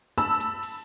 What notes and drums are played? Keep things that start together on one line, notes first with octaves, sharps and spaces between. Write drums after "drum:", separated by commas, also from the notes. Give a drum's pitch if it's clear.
A5 B5 E6, drum: hi-hat
drum: hi-hat
drum: open hi-hat